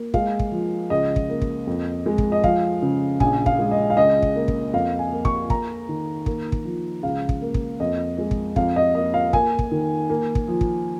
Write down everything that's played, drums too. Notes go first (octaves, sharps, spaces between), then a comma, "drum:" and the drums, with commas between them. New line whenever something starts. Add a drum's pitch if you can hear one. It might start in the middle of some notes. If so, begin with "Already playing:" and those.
Already playing: A#3
G#3 F5, drum: kick
drum: kick
F3
C#2 D#5
drum: kick
A#3
drum: kick
F2
G#3
drum: kick
D#5
F3 F5, drum: kick
C#3
A#1 G#5, drum: kick
F5, drum: kick
G#3
D#5
F5
C#2 D#5
drum: kick
A#3
drum: kick
F2 F5
G#5
A#3
C#6, drum: kick
A#3 A#5, drum: kick
D#3
A#3, drum: kick
drum: kick
F3
C#2 F5
drum: kick
A#3
drum: kick
F2 D#5
G#3
drum: kick
F2 F5, drum: kick
D#5
A#3 D#5
F5
A#3 G#5, drum: kick
drum: kick
D#3
A#3
drum: kick
F3
drum: kick